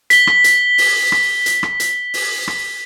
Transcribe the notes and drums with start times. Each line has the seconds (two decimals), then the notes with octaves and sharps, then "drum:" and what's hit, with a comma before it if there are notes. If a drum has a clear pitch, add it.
0.10 B6 G7, drum: hi-hat
0.27 drum: rim click
0.44 drum: hi-hat
0.78 drum: open hi-hat
1.12 drum: rim click
1.46 drum: hi-hat
1.63 drum: rim click
1.80 drum: hi-hat
2.14 drum: open hi-hat
2.48 drum: rim click